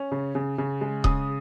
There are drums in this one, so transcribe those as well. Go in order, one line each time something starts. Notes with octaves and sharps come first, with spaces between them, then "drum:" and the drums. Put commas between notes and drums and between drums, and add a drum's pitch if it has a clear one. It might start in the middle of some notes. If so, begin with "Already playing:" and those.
Already playing: C#4
C#3
C#3
C#3
G#3
C#3 D#6, drum: kick D#1